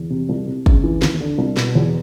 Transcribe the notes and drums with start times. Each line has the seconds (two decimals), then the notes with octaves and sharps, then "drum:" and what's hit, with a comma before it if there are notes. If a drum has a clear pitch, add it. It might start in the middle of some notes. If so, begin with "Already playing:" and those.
Already playing: E2
0.10 C3
0.29 C2
0.47 C3
0.66 C#3, drum: kick
0.84 E3
1.02 D#2, drum: snare
1.21 D3
1.38 C2
1.57 B2, drum: snare
1.75 E2